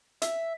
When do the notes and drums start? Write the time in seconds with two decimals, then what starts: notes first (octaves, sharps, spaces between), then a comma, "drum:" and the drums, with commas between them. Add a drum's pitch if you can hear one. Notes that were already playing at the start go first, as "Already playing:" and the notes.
0.22 E5, drum: hi-hat